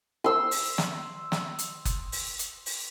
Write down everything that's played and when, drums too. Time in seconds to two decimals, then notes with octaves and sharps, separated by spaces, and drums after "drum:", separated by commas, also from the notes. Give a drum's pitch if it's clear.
0.24 C6 E6
0.51 drum: open hi-hat
0.78 drum: snare
1.32 drum: snare
1.59 drum: hi-hat
1.85 drum: kick F#1, hi-hat
2.12 drum: open hi-hat
2.39 drum: hi-hat
2.66 drum: open hi-hat